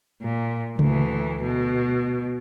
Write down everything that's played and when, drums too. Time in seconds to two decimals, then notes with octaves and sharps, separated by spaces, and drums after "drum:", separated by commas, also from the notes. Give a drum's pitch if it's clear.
0.22 A#2
0.79 D2 E3, drum: tom C#3
1.43 B2